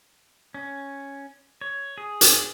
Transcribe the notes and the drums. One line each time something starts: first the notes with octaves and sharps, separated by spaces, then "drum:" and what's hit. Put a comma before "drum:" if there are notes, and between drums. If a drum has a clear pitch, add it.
C#4
C#5
G#4
drum: hi-hat